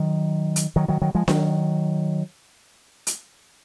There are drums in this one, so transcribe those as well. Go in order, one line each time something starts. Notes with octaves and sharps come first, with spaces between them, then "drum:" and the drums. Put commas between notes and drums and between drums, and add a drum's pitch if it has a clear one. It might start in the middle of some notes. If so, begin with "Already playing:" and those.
Already playing: D#3 F#3
drum: hi-hat
D#3 F#3
D#3 F#3
D#3 F#3
F3 G#3
D#3 F#3, drum: snare D4
drum: hi-hat